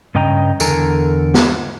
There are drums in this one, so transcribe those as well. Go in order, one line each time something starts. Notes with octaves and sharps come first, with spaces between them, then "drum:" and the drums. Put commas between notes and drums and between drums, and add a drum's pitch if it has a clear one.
G2 C#3 D#5 G5 A#5
E2 D3 A4 A#4 G#5 A#5, drum: tambourine
drum: snare